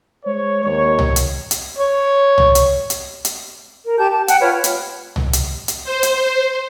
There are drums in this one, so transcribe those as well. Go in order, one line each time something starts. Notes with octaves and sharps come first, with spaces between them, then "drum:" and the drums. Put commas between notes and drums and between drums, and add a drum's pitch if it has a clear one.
G#3 C5 C#5
D#2 C#5
drum: tom C2
drum: hi-hat
drum: hi-hat
C#5
drum: tom C2
drum: hi-hat
drum: hi-hat
drum: hi-hat
A#4
G4 A5 G6
A5
F#5 G5 A5, drum: hi-hat
F4 B4 C#5 F6
drum: hi-hat
drum: tom C2
drum: hi-hat
drum: hi-hat
C5
drum: hi-hat